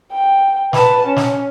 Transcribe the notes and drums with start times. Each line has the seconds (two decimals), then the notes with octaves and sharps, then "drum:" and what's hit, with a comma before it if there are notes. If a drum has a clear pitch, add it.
0.12 G5
0.73 B4 A5, drum: snare
1.07 C#4
1.17 drum: snare